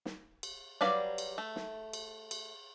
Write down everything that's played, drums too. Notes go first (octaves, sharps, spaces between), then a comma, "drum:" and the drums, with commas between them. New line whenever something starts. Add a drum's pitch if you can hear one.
drum: snare
drum: cymbal
F#3 G3 B4 D5 F5, drum: snare
drum: cymbal
A3
drum: snare
drum: cymbal
drum: cymbal